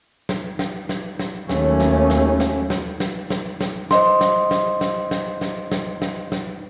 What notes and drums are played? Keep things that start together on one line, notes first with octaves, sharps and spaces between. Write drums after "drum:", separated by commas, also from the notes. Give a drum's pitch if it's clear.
drum: snare
drum: snare
drum: snare
drum: snare
D#2 F#3 A3 C#4, drum: snare
drum: snare
drum: snare
drum: snare
drum: snare
drum: snare
drum: snare
drum: snare
C5 D#5 C6, drum: snare
drum: snare
drum: snare
drum: snare
drum: snare
drum: snare
drum: snare
drum: snare
drum: snare